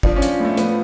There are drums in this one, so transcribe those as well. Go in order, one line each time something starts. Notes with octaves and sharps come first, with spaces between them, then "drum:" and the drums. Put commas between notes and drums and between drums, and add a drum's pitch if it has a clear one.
F3 D4, drum: kick
C#4
F3, drum: hi-hat
A2 A3
F3 B3, drum: hi-hat